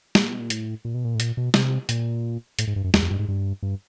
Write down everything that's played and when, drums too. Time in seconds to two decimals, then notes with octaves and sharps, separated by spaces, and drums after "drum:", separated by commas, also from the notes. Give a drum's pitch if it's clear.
0.15 A#2, drum: snare
0.29 B2
0.40 A#2
0.50 A2, drum: hi-hat
0.85 A#2
0.94 B2
1.04 A#2
1.15 A2
1.20 A#2, drum: hi-hat
1.37 B2
1.54 C3, drum: snare
1.89 A#2, drum: hi-hat
2.59 A2, drum: hi-hat
2.67 G#2
2.76 G2
2.84 F#2
2.94 E2, drum: snare
3.02 F2
3.11 G2
3.19 G#2
3.28 G2
3.63 G2